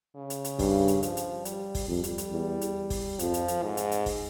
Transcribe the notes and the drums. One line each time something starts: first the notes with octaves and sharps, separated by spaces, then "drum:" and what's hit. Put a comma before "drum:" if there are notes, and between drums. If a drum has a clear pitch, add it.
C#3
drum: hi-hat
drum: hi-hat
G2, drum: kick, open hi-hat
drum: hi-hat
F3, drum: hi-hat
drum: hi-hat
G3, drum: hi-hat
drum: kick, open hi-hat
F2 G3
drum: hi-hat
drum: hi-hat
E2
drum: hi-hat
drum: kick, open hi-hat
F2 F3, drum: hi-hat
drum: hi-hat
drum: hi-hat
G#2
drum: hi-hat
drum: hi-hat
drum: kick, open hi-hat